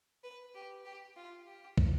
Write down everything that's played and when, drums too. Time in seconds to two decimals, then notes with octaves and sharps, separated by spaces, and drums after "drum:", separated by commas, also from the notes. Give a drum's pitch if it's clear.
0.24 B4
0.55 G4
0.85 G4
1.16 F4
1.47 G4
1.78 drum: kick